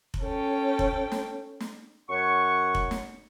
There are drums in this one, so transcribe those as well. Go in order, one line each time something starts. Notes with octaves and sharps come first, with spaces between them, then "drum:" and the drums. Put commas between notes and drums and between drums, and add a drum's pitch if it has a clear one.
drum: kick F1
C#4 A4 G5
drum: kick F1
drum: snare
drum: snare
F#2 C#5 F#5 C#6
drum: kick F1
drum: snare